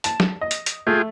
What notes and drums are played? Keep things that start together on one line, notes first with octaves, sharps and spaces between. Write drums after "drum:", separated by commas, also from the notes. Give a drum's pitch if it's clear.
A5, drum: hi-hat
drum: snare
D#5
drum: hi-hat
drum: hi-hat
A3 F4 G#4 G5